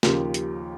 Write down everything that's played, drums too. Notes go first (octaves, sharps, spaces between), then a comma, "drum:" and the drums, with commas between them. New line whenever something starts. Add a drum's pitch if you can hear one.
D#2 C#3 F3 G4 A#4, drum: snare
drum: hi-hat